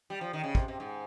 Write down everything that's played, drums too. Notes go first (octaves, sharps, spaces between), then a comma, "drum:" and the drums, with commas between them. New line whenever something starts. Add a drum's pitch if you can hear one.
G3
F3
D#3
C#3
C3, drum: kick
C3
G#2